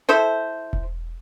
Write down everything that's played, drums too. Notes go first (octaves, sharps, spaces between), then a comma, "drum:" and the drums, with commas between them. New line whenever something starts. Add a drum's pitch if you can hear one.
E4 A4 C5
drum: kick E1